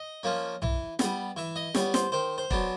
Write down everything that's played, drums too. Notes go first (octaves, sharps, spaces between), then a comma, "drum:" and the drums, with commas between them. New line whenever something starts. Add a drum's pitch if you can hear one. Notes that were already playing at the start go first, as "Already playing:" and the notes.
Already playing: D#5
F3 A#3 C#4
E3, drum: tom B1
G3 B3, drum: snare
E3 E5
D#5
G3 B3 C#5, drum: snare
C5, drum: snare
D#3 C5
C5
F#3 B3 D4, drum: kick